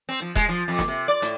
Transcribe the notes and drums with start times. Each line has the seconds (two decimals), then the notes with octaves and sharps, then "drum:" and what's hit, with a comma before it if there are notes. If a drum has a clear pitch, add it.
0.09 C4
0.22 F3
0.35 G#3, drum: kick E1, hi-hat
0.49 F3
0.68 F2
0.79 drum: snare
0.88 C3
1.08 D5
1.22 A2, drum: hi-hat